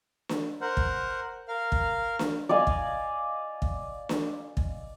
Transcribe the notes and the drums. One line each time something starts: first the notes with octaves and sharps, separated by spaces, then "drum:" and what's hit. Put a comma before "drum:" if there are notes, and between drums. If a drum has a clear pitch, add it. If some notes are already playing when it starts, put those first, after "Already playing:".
drum: snare
A#4 C5 F#5
drum: kick
A#4 F5 F6
drum: kick
drum: snare
D5 D#5 F5 G#5
drum: kick
drum: kick
drum: snare
drum: kick